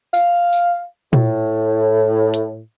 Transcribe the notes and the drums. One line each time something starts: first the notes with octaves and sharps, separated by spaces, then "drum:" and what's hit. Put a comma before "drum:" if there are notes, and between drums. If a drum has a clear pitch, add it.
F5, drum: tambourine
drum: tambourine
A2, drum: tom A#2
drum: hi-hat